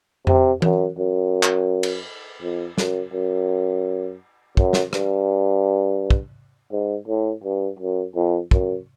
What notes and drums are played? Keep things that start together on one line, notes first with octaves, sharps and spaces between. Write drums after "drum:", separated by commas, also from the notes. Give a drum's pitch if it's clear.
C3, drum: tom F2
F#2, drum: tom E3
F#2
drum: clap
drum: cymbal
F2
F#2, drum: snare
F#2
F#2, drum: kick
drum: snare
G2, drum: rim click
drum: kick
G#2
A2
G2
F#2
F2
F#2, drum: kick